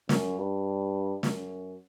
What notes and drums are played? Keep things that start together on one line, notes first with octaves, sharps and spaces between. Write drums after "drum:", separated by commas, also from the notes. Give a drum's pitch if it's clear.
F#2, drum: snare
G2
F#2, drum: snare